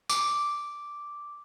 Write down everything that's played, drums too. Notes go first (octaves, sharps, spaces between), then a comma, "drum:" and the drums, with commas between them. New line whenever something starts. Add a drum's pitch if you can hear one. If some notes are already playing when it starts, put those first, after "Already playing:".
D6, drum: tambourine